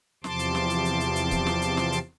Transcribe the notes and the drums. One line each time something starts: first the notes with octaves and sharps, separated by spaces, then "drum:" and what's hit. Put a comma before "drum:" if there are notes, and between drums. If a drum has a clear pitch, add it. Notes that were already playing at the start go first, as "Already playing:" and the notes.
E2 C3 F3 A5 C6 D6, drum: snare
drum: hi-hat
drum: snare
drum: hi-hat
drum: hi-hat
drum: hi-hat
drum: hi-hat
drum: kick C#1, hi-hat
drum: snare
drum: hi-hat
drum: snare
drum: hi-hat